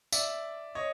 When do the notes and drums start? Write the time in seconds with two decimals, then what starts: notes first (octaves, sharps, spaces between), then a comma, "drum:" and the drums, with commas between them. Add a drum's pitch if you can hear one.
0.12 D5 E5, drum: tambourine
0.75 C#5 D#5